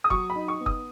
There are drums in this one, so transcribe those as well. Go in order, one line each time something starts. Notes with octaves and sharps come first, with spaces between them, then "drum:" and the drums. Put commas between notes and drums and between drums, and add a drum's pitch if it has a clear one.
D#6
F#3 C#6, drum: kick
B5
D#4
C#6
B3
D#6, drum: kick